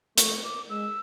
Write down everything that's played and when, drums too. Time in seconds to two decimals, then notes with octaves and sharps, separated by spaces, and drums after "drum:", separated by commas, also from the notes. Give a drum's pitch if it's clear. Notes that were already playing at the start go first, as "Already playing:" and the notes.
0.18 A3 C#6, drum: hi-hat
0.44 D6
0.70 G#3 E6